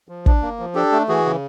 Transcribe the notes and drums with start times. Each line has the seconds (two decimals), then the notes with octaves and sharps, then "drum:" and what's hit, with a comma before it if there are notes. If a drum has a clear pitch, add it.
0.09 F3
0.26 D4, drum: kick
0.42 A#3
0.59 F3
0.75 D4 G4 A4
0.92 A3
1.09 E3 F#4 G#4
1.25 C#3